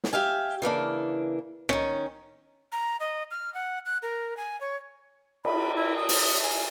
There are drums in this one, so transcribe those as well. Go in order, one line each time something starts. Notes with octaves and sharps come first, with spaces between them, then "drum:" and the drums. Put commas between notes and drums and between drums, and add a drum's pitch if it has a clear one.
drum: snare
G4 E5 F5 G#5
C#3 E3 A#3 D4
D#3 C#4, drum: rim click
A#5
D#5
F6
F#5
F#6
A#4
G#5
C#5
B5, drum: cymbal
E4
D#6
drum: open hi-hat
G#5